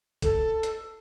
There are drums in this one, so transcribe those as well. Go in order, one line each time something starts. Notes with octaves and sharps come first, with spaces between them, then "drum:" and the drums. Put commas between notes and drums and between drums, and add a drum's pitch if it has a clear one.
A4, drum: kick, hi-hat
drum: hi-hat